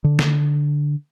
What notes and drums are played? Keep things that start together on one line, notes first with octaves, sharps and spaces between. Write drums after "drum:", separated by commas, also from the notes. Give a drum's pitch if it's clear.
D3
drum: snare